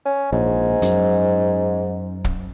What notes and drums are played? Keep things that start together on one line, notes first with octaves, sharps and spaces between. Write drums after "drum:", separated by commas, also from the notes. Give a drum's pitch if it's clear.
C#4
A#1 G#2
F#2, drum: hi-hat
drum: kick